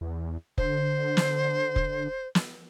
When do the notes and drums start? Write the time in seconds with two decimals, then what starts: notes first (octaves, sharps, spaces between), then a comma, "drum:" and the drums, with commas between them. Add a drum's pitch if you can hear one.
0.01 E2
0.58 D3 C5, drum: kick F1
1.17 drum: snare
1.76 drum: kick F1
2.35 drum: snare